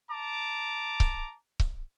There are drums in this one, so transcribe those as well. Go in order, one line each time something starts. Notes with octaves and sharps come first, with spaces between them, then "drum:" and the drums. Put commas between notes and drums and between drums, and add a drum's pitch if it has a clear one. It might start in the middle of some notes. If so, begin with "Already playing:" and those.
A5 A#5 D6
drum: kick C#1
drum: kick C#1